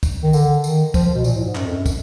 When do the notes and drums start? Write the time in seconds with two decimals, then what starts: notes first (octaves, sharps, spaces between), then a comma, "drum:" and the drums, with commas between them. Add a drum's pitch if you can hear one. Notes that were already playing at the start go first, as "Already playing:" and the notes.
0.03 drum: kick, tambourine
0.23 D#3
0.33 D3, drum: tambourine
0.64 D#3, drum: tambourine
0.94 F3, drum: kick, tambourine
1.05 F3
1.14 B2
1.24 A#2, drum: tambourine
1.35 A2
1.45 G#2
1.55 F#2, drum: clap
1.65 F2
1.75 F#2
1.86 drum: kick, tambourine